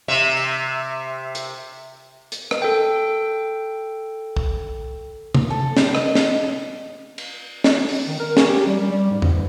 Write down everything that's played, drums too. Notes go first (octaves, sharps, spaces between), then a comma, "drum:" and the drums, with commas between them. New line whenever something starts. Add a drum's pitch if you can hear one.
C3 E5
drum: tambourine
drum: hi-hat
drum: hi-hat
drum: rim click
A4 G5
drum: kick
drum: tom C3
A4
G3, drum: snare
D#5, drum: rim click
drum: snare
drum: cymbal
drum: snare
drum: open hi-hat
D#3
A#4
C#4, drum: snare
G4
G3
G3
G3
G#2
G#2, drum: tom F2
E3